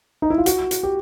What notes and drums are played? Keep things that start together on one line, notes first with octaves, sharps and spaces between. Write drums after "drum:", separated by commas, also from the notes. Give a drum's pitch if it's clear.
D#4
E4
F4
F#4, drum: hi-hat
drum: hi-hat
G4